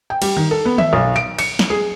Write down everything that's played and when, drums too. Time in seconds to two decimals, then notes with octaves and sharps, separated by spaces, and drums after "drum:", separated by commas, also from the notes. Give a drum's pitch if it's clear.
0.10 G5
0.22 G3, drum: cymbal
0.37 D#3
0.51 A4
0.65 B3
0.78 E5, drum: tom D#3
0.93 B1
1.16 D7
1.39 C#7, drum: cymbal
1.59 drum: snare
1.70 G#4